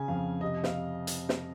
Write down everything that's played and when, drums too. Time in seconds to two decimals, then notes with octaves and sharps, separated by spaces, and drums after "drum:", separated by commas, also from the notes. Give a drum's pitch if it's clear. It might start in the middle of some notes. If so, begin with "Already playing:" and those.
Already playing: C#3 G#5
0.08 F2 F5
0.41 C3 D#5
0.64 F5, drum: snare
1.07 drum: hi-hat
1.29 drum: snare